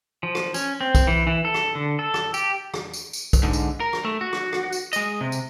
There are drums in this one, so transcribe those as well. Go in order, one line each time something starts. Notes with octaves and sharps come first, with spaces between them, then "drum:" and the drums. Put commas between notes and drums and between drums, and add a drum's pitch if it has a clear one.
F3
drum: rim click
C#4, drum: tambourine
C4
drum: kick, tambourine
E3
E3
A4
drum: rim click
D3
A4
drum: rim click
G4, drum: tambourine
drum: rim click
drum: tambourine
drum: tambourine
drum: kick, tambourine
G#2 D3
drum: tambourine
A#4
drum: rim click
A3
F#4
drum: rim click
drum: rim click
drum: tambourine
G#3 D#5, drum: tambourine
C3
drum: tambourine